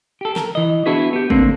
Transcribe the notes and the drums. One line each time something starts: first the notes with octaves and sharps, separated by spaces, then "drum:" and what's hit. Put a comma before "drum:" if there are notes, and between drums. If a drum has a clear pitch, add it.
G4 A4
A#4, drum: snare
E3 D#5
B3 D4 E4 F#4 G#4 B4
B3 G4
D3 A3 A#3 C4, drum: kick G1